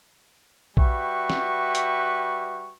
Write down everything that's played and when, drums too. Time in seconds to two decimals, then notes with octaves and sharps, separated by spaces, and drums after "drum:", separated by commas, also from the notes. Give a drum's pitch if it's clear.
0.77 G3 F#4 B4 E5 G5 C#6, drum: kick A#1
1.30 drum: snare
1.75 drum: hi-hat